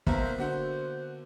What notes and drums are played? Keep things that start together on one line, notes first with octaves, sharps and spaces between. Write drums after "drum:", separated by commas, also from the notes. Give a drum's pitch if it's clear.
B1 A#3 B3 A#4 C5 E5, drum: kick
D3 F#4 C5 F#5